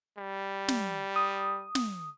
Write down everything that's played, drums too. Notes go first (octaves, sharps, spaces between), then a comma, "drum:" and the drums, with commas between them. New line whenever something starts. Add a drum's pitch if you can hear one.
G3
drum: snare
D#6
drum: snare